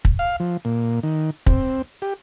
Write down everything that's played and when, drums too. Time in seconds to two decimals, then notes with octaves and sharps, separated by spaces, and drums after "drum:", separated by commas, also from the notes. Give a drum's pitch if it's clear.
0.05 drum: kick
0.19 F5
0.40 F3
0.65 A#2
1.03 D#3
1.47 C4, drum: kick
2.02 G4